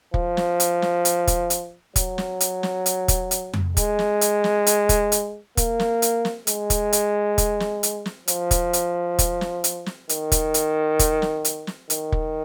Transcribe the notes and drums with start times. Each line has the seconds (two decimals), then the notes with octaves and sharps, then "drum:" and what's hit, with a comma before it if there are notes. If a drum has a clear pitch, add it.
0.14 F3, drum: kick
0.37 drum: snare
0.60 drum: hi-hat
0.82 drum: snare
1.05 drum: hi-hat
1.27 drum: kick, hi-hat
1.50 drum: hi-hat
1.96 F#3, drum: kick, hi-hat
2.18 drum: snare
2.40 drum: hi-hat
2.63 drum: snare
2.86 drum: hi-hat
3.08 drum: kick, hi-hat
3.31 drum: hi-hat
3.53 drum: tom F2
3.77 G#3, drum: kick, hi-hat
3.99 drum: snare
4.21 drum: hi-hat
4.44 drum: snare
4.67 drum: hi-hat
4.89 drum: kick, hi-hat
5.12 drum: hi-hat
5.57 A#3, drum: kick, hi-hat
5.80 drum: snare
6.02 drum: hi-hat
6.25 drum: snare
6.47 G#3, drum: hi-hat
6.70 drum: kick, hi-hat
6.93 drum: hi-hat
7.38 drum: kick, hi-hat
7.60 drum: snare
7.83 drum: hi-hat
8.06 drum: snare
8.28 F3, drum: hi-hat
8.51 drum: kick, hi-hat
8.73 drum: hi-hat
9.19 drum: kick, hi-hat
9.41 drum: snare
9.64 drum: hi-hat
9.86 drum: snare
10.09 D#3, drum: hi-hat
10.32 drum: kick, hi-hat
10.54 drum: hi-hat
10.99 drum: kick, hi-hat
11.22 drum: snare
11.45 drum: hi-hat
11.67 drum: snare
11.90 D#3, drum: hi-hat
12.12 drum: kick